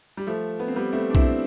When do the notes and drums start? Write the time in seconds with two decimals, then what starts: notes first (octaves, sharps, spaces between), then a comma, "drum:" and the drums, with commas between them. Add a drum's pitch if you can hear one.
0.17 G3
0.27 F3 A3
0.59 B3
0.68 C4
0.76 G3 B3
0.93 A3 C4
1.10 D4
1.15 C4 E4, drum: kick B1